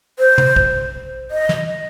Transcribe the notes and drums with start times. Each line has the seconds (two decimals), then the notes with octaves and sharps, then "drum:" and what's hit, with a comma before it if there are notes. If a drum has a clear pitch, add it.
0.19 C5
0.38 drum: tom
0.56 drum: kick
1.31 D#5
1.49 drum: snare